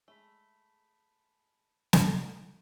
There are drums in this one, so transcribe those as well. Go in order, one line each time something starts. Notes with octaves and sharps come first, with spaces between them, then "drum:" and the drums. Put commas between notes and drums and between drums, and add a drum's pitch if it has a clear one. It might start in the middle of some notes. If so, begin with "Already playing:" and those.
G#3 A3 A5 B5 B6
drum: snare